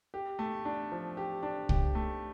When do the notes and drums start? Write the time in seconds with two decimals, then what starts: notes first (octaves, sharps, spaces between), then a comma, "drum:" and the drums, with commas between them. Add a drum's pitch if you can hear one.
0.14 G4
0.39 A3
0.65 D4
0.92 F3
1.17 G4
1.43 D4
1.69 G4, drum: kick
1.95 A3